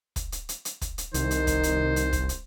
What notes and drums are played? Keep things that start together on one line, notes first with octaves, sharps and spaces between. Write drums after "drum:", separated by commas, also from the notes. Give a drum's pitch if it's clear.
drum: kick, hi-hat
drum: hi-hat
drum: hi-hat
drum: hi-hat
drum: kick, hi-hat
drum: hi-hat
C2 D#3 C5, drum: hi-hat
drum: hi-hat
drum: kick, hi-hat
drum: hi-hat
drum: hi-hat
drum: kick, hi-hat
drum: hi-hat